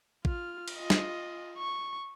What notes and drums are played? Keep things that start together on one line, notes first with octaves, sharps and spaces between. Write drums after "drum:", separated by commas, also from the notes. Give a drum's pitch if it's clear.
F4 F6, drum: kick
drum: cymbal
F4 D#5
drum: snare
C#6